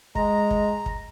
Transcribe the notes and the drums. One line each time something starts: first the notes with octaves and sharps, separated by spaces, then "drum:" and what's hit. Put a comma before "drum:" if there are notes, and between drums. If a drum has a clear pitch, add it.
G#3 A#5, drum: kick
drum: kick
drum: kick